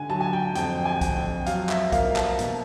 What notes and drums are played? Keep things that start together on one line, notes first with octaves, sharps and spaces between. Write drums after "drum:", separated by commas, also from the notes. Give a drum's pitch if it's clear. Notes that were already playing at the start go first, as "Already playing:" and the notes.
Already playing: D3 G#5
F#3 A5
G#5
G5
F2 G5, drum: hi-hat
G#5
F2, drum: kick B1, hi-hat
G5
F#3 F5, drum: hi-hat
E5, drum: clap
A#3 F5, drum: kick B1, hi-hat
A5, drum: clap
B2, drum: hi-hat